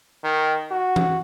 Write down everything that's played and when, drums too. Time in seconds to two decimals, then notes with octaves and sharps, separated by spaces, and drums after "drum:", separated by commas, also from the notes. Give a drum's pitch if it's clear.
0.24 D#3
0.71 F#4
0.96 drum: tom E3